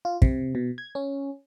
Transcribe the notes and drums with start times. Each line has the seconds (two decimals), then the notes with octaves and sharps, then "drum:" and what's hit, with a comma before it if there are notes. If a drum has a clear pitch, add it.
0.05 F4
0.22 C3, drum: kick
0.55 B2
0.78 G#6
0.95 C#4